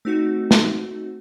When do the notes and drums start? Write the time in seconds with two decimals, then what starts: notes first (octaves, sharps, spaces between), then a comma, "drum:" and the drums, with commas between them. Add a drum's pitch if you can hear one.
0.05 A3 C4 D#4 F#4
0.51 drum: snare